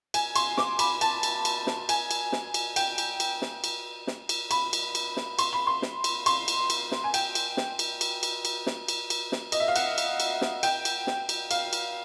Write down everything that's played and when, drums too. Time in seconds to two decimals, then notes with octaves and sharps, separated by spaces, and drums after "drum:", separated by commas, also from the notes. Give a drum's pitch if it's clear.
0.14 G#5, drum: cymbal
0.36 C6, drum: cymbal
0.57 D6, drum: snare
0.79 B5, drum: cymbal
1.01 A5, drum: cymbal
1.23 drum: cymbal
1.45 drum: cymbal
1.67 drum: snare
1.89 G#5, drum: cymbal
2.11 drum: cymbal
2.32 drum: snare
2.54 drum: cymbal
2.76 G5, drum: cymbal
2.98 drum: cymbal
3.20 drum: cymbal
3.42 drum: snare
3.64 drum: cymbal
4.07 drum: snare
4.29 drum: cymbal
4.51 B5, drum: cymbal
4.73 drum: cymbal
4.95 drum: cymbal
5.17 drum: snare
5.39 C6, drum: cymbal
5.53 B5
5.67 C6
5.82 drum: snare
6.04 drum: cymbal
6.26 C6, drum: cymbal
6.48 drum: cymbal
6.70 drum: cymbal
6.92 drum: snare
7.04 G#5
7.14 G5, drum: cymbal
7.35 drum: cymbal
7.57 drum: snare
7.79 drum: cymbal
8.01 drum: cymbal
8.23 drum: cymbal
8.45 drum: cymbal
8.67 drum: snare
8.88 drum: cymbal
9.10 drum: cymbal
9.32 drum: snare
9.52 D#5, drum: cymbal
9.60 E5
9.68 F5
9.76 F#5, drum: cymbal
9.98 drum: cymbal
10.20 drum: cymbal
10.41 drum: snare
10.63 G5, drum: cymbal
10.85 drum: cymbal
11.07 drum: snare
11.29 drum: cymbal
11.51 F5, drum: cymbal
11.73 drum: cymbal